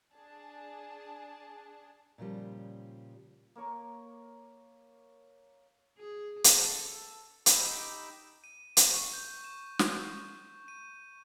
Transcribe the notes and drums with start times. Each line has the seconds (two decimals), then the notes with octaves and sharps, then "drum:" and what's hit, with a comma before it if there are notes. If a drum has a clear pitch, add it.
0.14 D4 G#4 A5
2.18 A#2 C#3 F3 G3
3.55 A#3 A#4 C#5 C#6
5.98 G#4
6.44 drum: hi-hat
6.56 A4
7.46 D#4 G4 B5 D6 E6, drum: hi-hat
8.44 D#7
8.77 drum: hi-hat
8.94 C#6
9.13 G6
9.44 E7
9.79 drum: snare
10.68 D#7